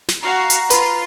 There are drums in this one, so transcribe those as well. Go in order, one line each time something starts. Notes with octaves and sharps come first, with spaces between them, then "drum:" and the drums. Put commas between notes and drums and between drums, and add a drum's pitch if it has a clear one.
drum: snare
F#4 F5 A#5
drum: hi-hat
F4 B4, drum: hi-hat